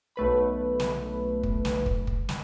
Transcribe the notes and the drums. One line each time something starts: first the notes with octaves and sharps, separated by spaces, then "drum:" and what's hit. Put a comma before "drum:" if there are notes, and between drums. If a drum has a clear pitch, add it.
B1 A3 B4 B5
drum: snare
drum: kick
drum: snare
drum: kick
drum: kick
drum: snare